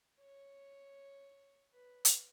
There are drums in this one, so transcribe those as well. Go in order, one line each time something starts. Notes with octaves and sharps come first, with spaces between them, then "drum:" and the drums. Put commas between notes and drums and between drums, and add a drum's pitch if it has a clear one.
C#5
B4
drum: hi-hat